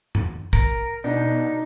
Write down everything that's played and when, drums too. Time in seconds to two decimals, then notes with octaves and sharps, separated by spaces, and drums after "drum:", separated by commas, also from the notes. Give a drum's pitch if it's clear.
0.15 drum: tom F#2
0.53 A#4, drum: kick
1.04 B2 D4 D#4